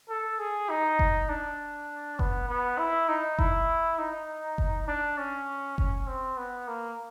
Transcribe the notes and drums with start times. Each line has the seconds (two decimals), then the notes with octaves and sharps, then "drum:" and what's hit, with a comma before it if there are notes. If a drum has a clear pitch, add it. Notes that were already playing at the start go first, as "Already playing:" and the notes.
0.09 A4
0.39 G#4
0.70 D#4
0.99 drum: kick F#1
1.29 D4
2.19 B3, drum: kick F#1
2.49 B3
2.78 E4
3.09 D#4
3.39 E4, drum: kick F#1
3.98 D#4
4.58 drum: kick F#1
4.88 D4
5.18 C#4
5.78 C#4, drum: kick F#1
6.08 C4
6.37 B3
6.68 A#3